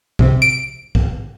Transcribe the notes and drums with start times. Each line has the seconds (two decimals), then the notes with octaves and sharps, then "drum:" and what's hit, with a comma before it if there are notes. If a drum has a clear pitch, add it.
0.19 C3, drum: kick
0.42 D7
0.95 drum: kick